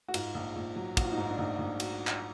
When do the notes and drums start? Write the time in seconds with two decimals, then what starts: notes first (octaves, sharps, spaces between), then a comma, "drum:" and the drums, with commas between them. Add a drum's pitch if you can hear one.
0.08 F#4
0.14 G#2 F4, drum: cymbal
0.34 A#1
0.56 A#1
0.76 F#3
0.97 A#1 F#4, drum: kick, cymbal
1.05 F4
1.12 D#4
1.18 G#2 F4
1.30 D4
1.38 A#1 D#4
1.58 A#1
1.80 F#4, drum: cymbal
2.07 drum: clap